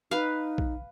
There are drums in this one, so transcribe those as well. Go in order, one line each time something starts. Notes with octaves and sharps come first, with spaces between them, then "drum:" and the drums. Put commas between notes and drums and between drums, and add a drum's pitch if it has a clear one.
D#4 B4 F5
drum: kick A#1